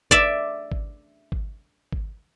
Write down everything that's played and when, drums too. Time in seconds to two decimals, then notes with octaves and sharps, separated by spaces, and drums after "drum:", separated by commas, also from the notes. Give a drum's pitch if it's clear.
0.11 D5 E5, drum: kick G#1
0.72 drum: kick G#1
1.32 drum: kick G#1
1.92 drum: kick G#1